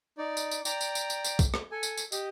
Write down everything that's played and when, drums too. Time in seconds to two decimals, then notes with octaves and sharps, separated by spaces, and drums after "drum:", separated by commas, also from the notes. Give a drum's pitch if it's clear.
0.18 D#4 D5
0.37 drum: tambourine
0.51 drum: tambourine
0.65 D5 G5 A#5, drum: tambourine
0.81 drum: tambourine
0.95 drum: tambourine
1.10 drum: tambourine
1.24 drum: tambourine
1.39 drum: kick C2, tambourine
1.54 drum: rim click
1.71 A4 G#5
1.83 drum: tambourine
1.97 drum: tambourine
2.12 G4 D#5, drum: tambourine